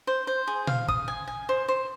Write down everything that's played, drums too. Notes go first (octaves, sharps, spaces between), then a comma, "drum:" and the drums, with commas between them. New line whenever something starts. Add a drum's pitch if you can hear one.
C5
C5
G#4
F5, drum: tom A#2
D#6, drum: kick
G#5
G#5
C5
C5